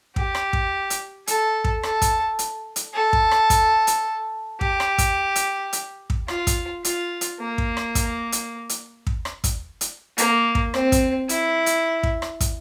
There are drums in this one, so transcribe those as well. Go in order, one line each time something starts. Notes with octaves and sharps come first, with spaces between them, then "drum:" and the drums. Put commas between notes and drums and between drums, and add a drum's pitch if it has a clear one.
G4, drum: kick
drum: rim click
drum: kick
drum: hi-hat
A4, drum: hi-hat
drum: kick
A4, drum: rim click
drum: kick, hi-hat
drum: hi-hat
drum: hi-hat
A4
drum: kick
drum: rim click
drum: kick, hi-hat
drum: hi-hat
G4, drum: kick
drum: rim click
drum: kick, hi-hat
drum: hi-hat
drum: hi-hat
drum: kick
F4, drum: rim click
drum: kick, hi-hat
F4, drum: hi-hat
drum: hi-hat
A#3
drum: kick
drum: rim click
drum: kick, hi-hat
drum: hi-hat
drum: hi-hat
drum: kick
drum: rim click
drum: kick, hi-hat
drum: hi-hat
A#3, drum: hi-hat
drum: kick
C4, drum: rim click
drum: kick, hi-hat
E4, drum: hi-hat
drum: hi-hat
drum: kick
drum: rim click
drum: kick, hi-hat